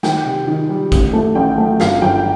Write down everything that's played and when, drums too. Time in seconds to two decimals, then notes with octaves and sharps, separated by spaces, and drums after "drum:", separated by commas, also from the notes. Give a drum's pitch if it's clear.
0.03 D#3 G5, drum: snare
0.25 C3
0.47 D#3
0.69 G3
0.92 A1, drum: kick, hi-hat
1.13 A3
1.35 A1 G5
1.58 A3
1.80 G1 F5, drum: snare
2.02 G1 G5